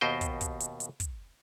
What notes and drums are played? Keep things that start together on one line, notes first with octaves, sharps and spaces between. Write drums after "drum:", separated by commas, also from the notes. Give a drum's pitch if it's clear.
D#2 B2 C5 D#5 G5
drum: kick, hi-hat
drum: kick, hi-hat
drum: hi-hat
drum: hi-hat
drum: kick, hi-hat